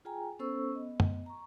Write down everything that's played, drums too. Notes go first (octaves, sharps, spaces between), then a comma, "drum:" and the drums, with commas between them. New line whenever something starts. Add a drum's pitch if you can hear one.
F4 G#4 G5 G#5 A#5
B3 C#4 A4 C5 C#6 E6
B3 D#5
drum: tom
A#5 C#6